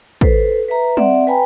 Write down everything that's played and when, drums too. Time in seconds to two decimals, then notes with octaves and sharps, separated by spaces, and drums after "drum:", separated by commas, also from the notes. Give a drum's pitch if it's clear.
0.21 A4 B4 C5, drum: kick
0.68 B4 E5 A#5
0.97 C4 D5 E5 F#5, drum: tom G3
1.27 B4 G5 G#5 A#5 B5